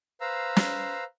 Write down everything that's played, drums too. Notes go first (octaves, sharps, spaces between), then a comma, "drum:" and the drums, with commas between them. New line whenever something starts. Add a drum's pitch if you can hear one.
B4 C5 F5 A#5 E6
drum: snare